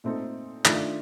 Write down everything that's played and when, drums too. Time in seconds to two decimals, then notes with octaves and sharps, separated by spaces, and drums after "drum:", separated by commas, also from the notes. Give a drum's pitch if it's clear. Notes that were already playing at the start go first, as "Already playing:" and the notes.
0.04 A#2 A3 C4 D#4 A4
0.65 D#3 A3 D4 F4, drum: clap